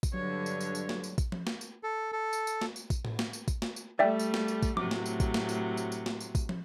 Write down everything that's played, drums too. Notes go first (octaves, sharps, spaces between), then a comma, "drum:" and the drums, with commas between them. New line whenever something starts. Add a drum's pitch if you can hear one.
drum: kick A1, tambourine
G2 D3 F#3 C#5
drum: tambourine
drum: tambourine
drum: tambourine
drum: snare
drum: tambourine
drum: kick A1, tambourine
drum: tom
drum: snare
drum: tambourine
A4
A4
drum: tambourine
drum: tambourine
drum: snare
drum: tambourine
drum: kick A1, tambourine
drum: tom A2
drum: snare
drum: tambourine
drum: kick A1, tambourine
drum: snare
drum: tambourine
G3 A3 D5 E5 G5
drum: tambourine
drum: snare
drum: tambourine
drum: kick A1, tambourine
A2 C3 F#3 D6, drum: tom
drum: snare
drum: tambourine
drum: kick A1, tambourine
drum: snare
drum: tambourine
drum: tambourine
drum: tambourine
drum: snare
drum: tambourine
drum: kick A1, tambourine
drum: tom